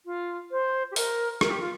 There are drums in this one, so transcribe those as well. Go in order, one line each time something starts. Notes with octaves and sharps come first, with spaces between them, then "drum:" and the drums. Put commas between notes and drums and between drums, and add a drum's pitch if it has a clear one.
F4
C5
G4
A#4, drum: open hi-hat
A#4, drum: rim click
G4
F4